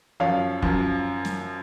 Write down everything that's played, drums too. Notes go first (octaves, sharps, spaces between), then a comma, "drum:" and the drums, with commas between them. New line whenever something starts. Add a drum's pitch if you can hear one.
F#2 F3 C#5 F5
F#2 F3, drum: kick
drum: snare